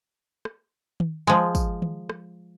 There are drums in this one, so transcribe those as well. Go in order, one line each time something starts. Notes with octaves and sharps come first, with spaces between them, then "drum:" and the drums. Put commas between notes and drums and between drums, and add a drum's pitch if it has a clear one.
drum: rim click
drum: tom D#3
F3 G#3
drum: kick, tambourine
drum: tom D#3
drum: rim click